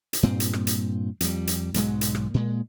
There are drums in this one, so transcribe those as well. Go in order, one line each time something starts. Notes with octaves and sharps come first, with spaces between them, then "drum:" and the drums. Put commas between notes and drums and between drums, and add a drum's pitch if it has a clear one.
drum: hi-hat
G2 A#2 C4
drum: hi-hat
drum: rim click
drum: hi-hat
F2 G3, drum: hi-hat
drum: hi-hat
B1 G#2 F#3 G#3, drum: hi-hat
drum: hi-hat
drum: rim click
A#2 G#3